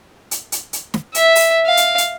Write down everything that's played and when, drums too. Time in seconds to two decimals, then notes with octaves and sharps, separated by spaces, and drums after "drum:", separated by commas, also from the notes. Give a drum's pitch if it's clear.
0.31 drum: hi-hat
0.52 drum: hi-hat
0.73 drum: hi-hat
0.94 drum: snare
1.15 E5, drum: hi-hat
1.35 drum: open hi-hat
1.67 F5
1.77 drum: hi-hat
1.98 drum: hi-hat